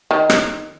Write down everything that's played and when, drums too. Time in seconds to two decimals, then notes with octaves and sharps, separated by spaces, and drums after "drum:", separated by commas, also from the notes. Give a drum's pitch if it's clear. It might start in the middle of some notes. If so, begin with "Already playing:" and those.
0.11 D#3
0.30 drum: rim click